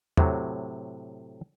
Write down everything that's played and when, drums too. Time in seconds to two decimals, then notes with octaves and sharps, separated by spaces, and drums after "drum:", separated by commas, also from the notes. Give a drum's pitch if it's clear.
0.17 A2 C3 F#3, drum: tom E2